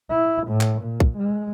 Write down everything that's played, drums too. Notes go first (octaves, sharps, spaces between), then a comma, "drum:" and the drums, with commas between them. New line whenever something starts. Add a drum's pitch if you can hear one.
E4
A2
drum: clap
A#2
drum: kick
G#3